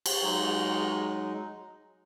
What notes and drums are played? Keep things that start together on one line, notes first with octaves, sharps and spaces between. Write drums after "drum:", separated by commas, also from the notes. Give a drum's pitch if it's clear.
drum: cymbal
F#3 G#3 D#4